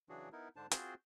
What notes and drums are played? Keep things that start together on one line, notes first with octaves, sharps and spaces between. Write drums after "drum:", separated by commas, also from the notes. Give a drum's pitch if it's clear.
C#3 E3 F#3 D4 F#4 G#4
B3 D#4 E4 A#4
G#2 D3 D4 C5 A5
C4 F4 F#4 G#4 C5 C6, drum: hi-hat